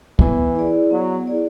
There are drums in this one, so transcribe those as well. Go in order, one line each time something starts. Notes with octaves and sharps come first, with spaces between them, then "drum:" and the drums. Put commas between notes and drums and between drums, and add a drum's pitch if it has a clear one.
E3 B3, drum: kick
E4 G#4 D5
F#3 B3
E4 G#4 D5